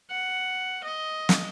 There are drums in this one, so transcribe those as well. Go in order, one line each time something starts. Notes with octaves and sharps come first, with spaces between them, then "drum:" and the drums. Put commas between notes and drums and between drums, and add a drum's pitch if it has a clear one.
F#5
D#5
drum: snare